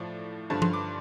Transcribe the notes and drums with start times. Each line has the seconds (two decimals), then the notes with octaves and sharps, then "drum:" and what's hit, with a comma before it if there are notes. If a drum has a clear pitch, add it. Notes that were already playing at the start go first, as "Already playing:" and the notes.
Already playing: A2 F3 D5
0.50 G2 D3 F3 A5
0.62 C6, drum: tom F3
0.73 D6